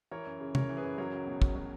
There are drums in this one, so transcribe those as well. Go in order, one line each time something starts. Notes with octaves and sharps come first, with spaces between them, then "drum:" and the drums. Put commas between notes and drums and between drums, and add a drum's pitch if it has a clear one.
E3 A#4 C#5
F#2
C#3
F#2 A#4 C#5, drum: tom C3
E3
G#4 B4
F#2
F#3 A#4 C#5
C#2
B2
C#2, drum: kick
F#3